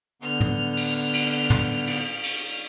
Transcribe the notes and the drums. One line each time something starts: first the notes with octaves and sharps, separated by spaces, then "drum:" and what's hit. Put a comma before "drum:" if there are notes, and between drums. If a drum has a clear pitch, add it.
D3 B3 F6 G6
drum: tom
drum: cymbal
drum: cymbal
drum: tom
drum: cymbal
drum: cymbal